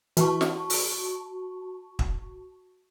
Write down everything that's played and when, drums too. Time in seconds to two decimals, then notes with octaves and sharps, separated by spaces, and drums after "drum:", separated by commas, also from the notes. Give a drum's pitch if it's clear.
0.17 E3 F#4 A5 C#6, drum: hi-hat
0.41 drum: snare
0.70 drum: open hi-hat
1.99 drum: kick